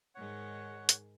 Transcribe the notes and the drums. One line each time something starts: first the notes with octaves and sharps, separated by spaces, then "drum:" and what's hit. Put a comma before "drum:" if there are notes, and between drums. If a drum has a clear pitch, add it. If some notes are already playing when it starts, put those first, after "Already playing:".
G#2 D#3 G#3 C#5 F#5
drum: hi-hat